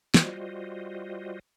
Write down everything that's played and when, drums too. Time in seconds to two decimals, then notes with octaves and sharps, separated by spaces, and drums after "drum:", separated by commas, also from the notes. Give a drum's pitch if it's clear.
0.14 G3 F4 F#4 C5 D#5, drum: snare